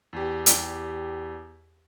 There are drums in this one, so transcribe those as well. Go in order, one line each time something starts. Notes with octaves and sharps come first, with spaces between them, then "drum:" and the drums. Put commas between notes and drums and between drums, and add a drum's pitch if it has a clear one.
E2 G4
drum: hi-hat